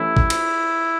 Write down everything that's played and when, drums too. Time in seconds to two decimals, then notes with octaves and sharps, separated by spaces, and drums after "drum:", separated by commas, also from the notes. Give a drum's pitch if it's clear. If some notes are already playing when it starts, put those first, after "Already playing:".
Already playing: E3 A3 C#4 E4 G4
0.17 drum: kick
0.30 drum: cymbal